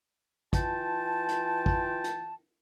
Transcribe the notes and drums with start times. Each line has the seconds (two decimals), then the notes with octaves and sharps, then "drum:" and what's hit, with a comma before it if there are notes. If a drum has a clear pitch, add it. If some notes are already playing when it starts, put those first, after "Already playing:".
0.53 E3 F4 G5 A5, drum: kick A1, hi-hat
1.28 drum: hi-hat
1.66 drum: kick A1
2.04 drum: hi-hat